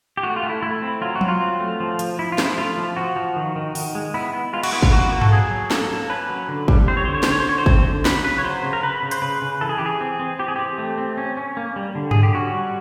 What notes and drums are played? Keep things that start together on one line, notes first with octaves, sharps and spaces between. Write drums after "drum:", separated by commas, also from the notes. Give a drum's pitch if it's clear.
G4
A3 F#4
F4
A3
E4
A3 E4
C4
F#3 F4
F#4
F#3, drum: tom
F4
C4
A3
F3
F3, drum: hi-hat
F3 E4
F4
F3, drum: snare
E4
A3 F4
F3
F3 F#4
F3
D#3
D#3
D#3, drum: open hi-hat
G#3
B3 E4
B3
G#3 F4
F#4, drum: cymbal
B3 E4
F4, drum: kick
A#3 F#4
A#3
A4, drum: tom G2
F#3 G#4
F#3
A#3 A4, drum: snare
A#3
C#4 B4
F#3
D3
G3, drum: kick
C4 C5
C#5
D3 C5
C#5
C5, drum: snare
D3 C#5
C5
D3 C#5
C5
C4, drum: kick
D3
F#3 B4, drum: snare
C#3 B4
C#5
F#3 C5
C#3
A#4
C#3 B4
C#3
C5, drum: hi-hat
C#3 B4
C#3
E3 A4
G#4
E3 G4
G#4
C4
C4
E3 G4
G#4
C4 G4
A3
C4
C#4
C#4
A#3
G3
D3
D3 G#4, drum: tom G2
G4
C#4 F#4
G3